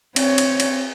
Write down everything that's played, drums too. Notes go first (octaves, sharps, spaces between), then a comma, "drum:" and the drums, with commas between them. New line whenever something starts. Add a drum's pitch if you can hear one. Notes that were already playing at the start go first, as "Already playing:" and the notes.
C4 C#5, drum: cymbal
drum: cymbal
drum: cymbal